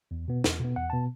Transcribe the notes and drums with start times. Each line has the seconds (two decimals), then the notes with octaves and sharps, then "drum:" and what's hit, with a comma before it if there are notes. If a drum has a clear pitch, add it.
0.11 E2
0.28 B2 B3
0.44 E2, drum: snare
0.59 B2 B3
0.76 E2 F#5
0.90 B2 B3 A5